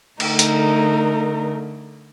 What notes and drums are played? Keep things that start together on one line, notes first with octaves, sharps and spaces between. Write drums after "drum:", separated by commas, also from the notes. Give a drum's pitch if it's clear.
D3 A3 D#4 A#4, drum: cymbal
drum: hi-hat